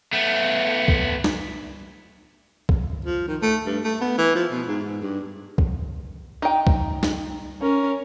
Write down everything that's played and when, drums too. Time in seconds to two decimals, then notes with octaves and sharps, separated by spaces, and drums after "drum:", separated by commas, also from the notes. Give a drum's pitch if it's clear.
0.13 A3 B3
0.88 drum: kick C2
1.24 drum: snare
2.69 drum: kick C2
3.05 F3
3.28 D#3
3.42 A3
3.66 G2
3.84 A3
4.01 B3
4.18 E3
4.35 F3
4.51 B2
4.67 G#2
4.83 G#2
5.02 G2
5.58 drum: kick C2
6.42 D#4 G5
6.67 drum: kick C2
7.03 drum: snare
7.61 C#4 A#4